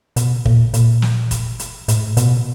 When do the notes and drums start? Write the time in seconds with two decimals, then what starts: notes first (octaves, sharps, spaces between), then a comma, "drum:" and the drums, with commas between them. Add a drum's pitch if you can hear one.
0.16 B2, drum: hi-hat
0.46 A#2, drum: kick
0.74 A#2, drum: hi-hat
1.02 drum: snare
1.31 drum: kick, hi-hat
1.59 drum: hi-hat
1.88 A2, drum: hi-hat
2.17 B2, drum: hi-hat